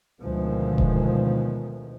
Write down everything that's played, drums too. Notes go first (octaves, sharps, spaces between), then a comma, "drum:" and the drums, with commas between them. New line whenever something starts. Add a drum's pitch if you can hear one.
D2 B2 D#3 F3 G#3
drum: kick E1